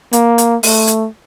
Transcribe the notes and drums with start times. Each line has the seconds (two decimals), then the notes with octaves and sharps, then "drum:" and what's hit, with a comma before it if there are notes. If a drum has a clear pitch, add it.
0.13 A#3, drum: hi-hat
0.38 drum: hi-hat
0.63 A3, drum: open hi-hat
0.87 drum: hi-hat